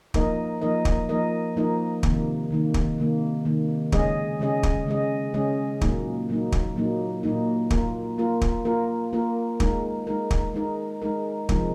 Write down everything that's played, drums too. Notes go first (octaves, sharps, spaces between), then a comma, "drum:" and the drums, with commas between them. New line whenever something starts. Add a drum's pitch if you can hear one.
F3 A#3 D#4 A#4 D#5, drum: kick
F3 A#3 D#4 A#4 D#5
drum: kick
F3 A#3 D#4 A#4 D#5
F3 A#3 D#4 A#4 D#5
C3 D#3 A#3, drum: kick
C3 D#3 A#3
drum: kick
C3 D#3 A#3
C3 D#3 A#3
C#3 G#3 C#4 G#4 D#5, drum: kick
C#3 G#3 C#4 G#4 D#5
drum: kick
C#3 G#3 C#4 G#4 D#5
C#3 G#3 C#4 G#4 D#5
A#2 F#3 A#3 D#4, drum: kick
A#2 F#3 A#3 D#4
drum: kick
A#2 F#3 A#3 D#4
A#2 F#3 A#3 D#4
A#3 F4 A#4, drum: kick
A#3 F4 A#4
drum: kick
A#3 F4 A#4
A#3 F4 A#4
G#3 D#4 A#4, drum: kick
G#3 D#4 A#4
drum: kick
G#3 D#4 A#4
G#3 D#4 A#4
C3 F3 G#3 D#4 A#4, drum: kick